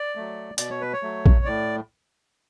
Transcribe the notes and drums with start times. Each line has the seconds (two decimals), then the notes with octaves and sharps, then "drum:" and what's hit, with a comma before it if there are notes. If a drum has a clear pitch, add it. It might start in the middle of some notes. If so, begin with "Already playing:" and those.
Already playing: D5
0.16 F#3 A3
0.58 B2 D5, drum: hi-hat
0.71 C#5
0.81 B4
0.93 C#5
1.03 F#3 A3
1.26 drum: kick A#1
1.45 A2 D5